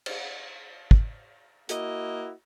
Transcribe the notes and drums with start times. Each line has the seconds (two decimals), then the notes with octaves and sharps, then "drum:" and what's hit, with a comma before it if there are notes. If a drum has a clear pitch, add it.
0.06 drum: cymbal
0.91 drum: kick
1.69 A#3 E4 F#4 D#5, drum: hi-hat